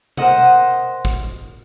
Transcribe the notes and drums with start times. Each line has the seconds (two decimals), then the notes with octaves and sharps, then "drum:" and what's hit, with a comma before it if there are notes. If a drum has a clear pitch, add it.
0.17 A#4 C5 D#5 F#5, drum: tom B2
1.05 drum: kick